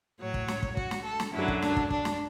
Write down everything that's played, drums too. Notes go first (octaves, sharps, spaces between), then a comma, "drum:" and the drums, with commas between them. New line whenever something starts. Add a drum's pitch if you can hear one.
A2 F#3 C#5
drum: kick
drum: snare
drum: kick
F#4, drum: kick
drum: snare
A4
drum: snare
F#2 D3 F#3 E4
drum: kick
D4, drum: snare
drum: kick
D4, drum: kick
drum: snare